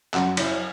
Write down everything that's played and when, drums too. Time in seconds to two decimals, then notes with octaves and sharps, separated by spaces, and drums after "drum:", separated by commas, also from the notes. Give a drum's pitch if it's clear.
0.14 F#2 F#4, drum: clap
0.37 F#3 E4, drum: cymbal